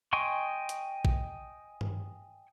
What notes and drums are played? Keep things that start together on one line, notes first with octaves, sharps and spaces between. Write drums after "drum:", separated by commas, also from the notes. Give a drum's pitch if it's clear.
D#5 G5 G#5 C6 C#6
drum: hi-hat
drum: kick
drum: tom G2